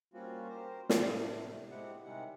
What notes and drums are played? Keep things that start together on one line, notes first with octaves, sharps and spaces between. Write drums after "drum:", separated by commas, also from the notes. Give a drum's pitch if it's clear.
G3 A#3 C4 C#4 F4 F#4
G4 A#4 C5
A2 C3 D4, drum: snare
G#3 C4 E4 G4 F#5
C3 D#3 G3 G#3 E4 F#5